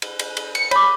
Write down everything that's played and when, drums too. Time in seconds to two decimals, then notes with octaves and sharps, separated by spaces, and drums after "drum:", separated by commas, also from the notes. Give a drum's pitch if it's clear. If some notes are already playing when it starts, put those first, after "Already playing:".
0.02 drum: cymbal
0.19 drum: cymbal
0.37 drum: cymbal
0.55 C#7, drum: cymbal
0.71 C#5 B5 D6, drum: cymbal